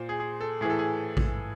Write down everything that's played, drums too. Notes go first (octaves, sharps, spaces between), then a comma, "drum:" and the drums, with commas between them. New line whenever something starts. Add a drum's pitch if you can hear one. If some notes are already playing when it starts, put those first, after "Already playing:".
Already playing: A#2 C5
G#4
G#4
A4
A2 E3 G#4
A4
G#4
drum: kick A1